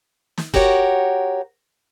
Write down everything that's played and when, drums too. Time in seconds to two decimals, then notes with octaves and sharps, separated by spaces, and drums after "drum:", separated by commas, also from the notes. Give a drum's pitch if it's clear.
0.38 drum: snare
0.54 F#4 G4 A#4 C#5 F#5, drum: kick F#1